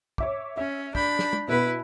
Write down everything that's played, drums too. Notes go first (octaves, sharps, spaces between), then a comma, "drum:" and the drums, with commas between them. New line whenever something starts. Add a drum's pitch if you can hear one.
C#5 E5 D6, drum: kick
C#4 E5
D4 B5 G6, drum: kick
drum: snare
drum: tom
B2 B3 E4 B4